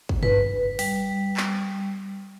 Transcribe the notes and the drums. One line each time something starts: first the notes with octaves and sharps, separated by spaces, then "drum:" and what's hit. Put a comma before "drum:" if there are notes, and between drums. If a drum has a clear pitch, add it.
drum: kick
B4, drum: tom G2
G3, drum: open hi-hat
drum: clap